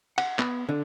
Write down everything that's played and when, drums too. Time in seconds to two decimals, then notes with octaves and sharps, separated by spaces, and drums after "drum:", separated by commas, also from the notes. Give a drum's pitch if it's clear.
0.18 F#5, drum: cymbal
0.39 B3, drum: clap
0.69 D3